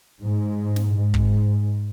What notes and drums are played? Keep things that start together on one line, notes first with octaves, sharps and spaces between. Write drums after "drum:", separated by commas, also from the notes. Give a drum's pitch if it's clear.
G#2
drum: snare
G#2
drum: kick